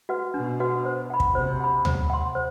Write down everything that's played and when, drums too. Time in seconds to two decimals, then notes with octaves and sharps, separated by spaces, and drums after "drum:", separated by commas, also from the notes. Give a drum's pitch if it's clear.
0.09 F#4 B4 F#5
0.34 B2 D4
0.60 F#4 B4 F#5
0.85 C5
1.10 F#5 B5
1.20 drum: kick
1.35 C3 C5
1.60 F#5 B5
1.85 C3 C5, drum: tom D2
2.10 F#5 C6
2.35 C5